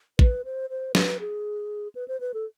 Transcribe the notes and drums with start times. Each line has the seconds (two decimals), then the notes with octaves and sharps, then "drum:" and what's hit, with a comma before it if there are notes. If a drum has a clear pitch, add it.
0.19 B4, drum: kick
0.45 C5
0.70 C5
0.95 B4, drum: snare
1.20 G#4
1.95 B4
2.08 C5
2.20 B4
2.34 A4